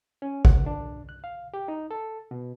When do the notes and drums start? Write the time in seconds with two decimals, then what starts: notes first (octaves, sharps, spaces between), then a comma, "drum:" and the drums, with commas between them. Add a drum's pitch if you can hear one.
0.22 C#4
0.45 F#5, drum: kick G#1
0.66 D4
1.09 F#6
1.24 F5
1.54 G4
1.68 D#4
1.91 A4
2.31 B2